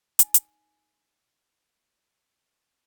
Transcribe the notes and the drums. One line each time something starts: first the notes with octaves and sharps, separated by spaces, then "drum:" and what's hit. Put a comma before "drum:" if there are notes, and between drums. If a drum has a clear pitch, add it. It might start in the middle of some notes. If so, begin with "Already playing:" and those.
D#4 G#5, drum: hi-hat
drum: hi-hat